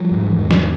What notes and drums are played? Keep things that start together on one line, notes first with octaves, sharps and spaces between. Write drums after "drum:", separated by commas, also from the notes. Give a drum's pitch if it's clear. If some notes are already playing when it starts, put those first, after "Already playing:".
Already playing: F3 G3
G#2
E3
E2 D#3
drum: snare